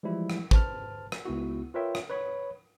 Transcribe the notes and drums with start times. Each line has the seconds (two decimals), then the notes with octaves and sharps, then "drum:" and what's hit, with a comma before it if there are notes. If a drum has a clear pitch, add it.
0.03 E3 F3 G3 G#3 E4
0.30 drum: rim click
0.51 B4 C5 A5 F6, drum: kick
1.12 drum: rim click
1.25 C#2 B3 E4 F#4
1.74 F4 A#4 B4 C#5 E5 G5
1.95 drum: rim click
2.10 B4 C#5 B5